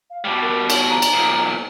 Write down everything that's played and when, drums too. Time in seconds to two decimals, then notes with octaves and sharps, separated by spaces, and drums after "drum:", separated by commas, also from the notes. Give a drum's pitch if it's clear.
0.10 F5
0.25 B2 G3 G5
0.42 A#4
0.70 C#5, drum: cymbal
0.89 A#5
1.02 drum: cymbal
1.13 B1 A#2